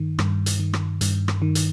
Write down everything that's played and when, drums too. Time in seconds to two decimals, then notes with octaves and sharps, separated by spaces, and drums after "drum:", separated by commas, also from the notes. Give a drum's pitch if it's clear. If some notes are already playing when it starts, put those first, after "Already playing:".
Already playing: G2 D#3
0.19 G2, drum: rim click
0.46 drum: hi-hat
0.60 D#3
0.73 drum: rim click
1.01 G2, drum: hi-hat
1.28 drum: rim click
1.42 D#3
1.55 drum: hi-hat